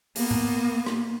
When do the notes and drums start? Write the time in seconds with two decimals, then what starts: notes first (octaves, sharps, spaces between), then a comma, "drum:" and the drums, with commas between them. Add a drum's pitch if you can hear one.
0.15 A#3 B3, drum: open hi-hat
0.31 drum: tom A2
0.86 drum: rim click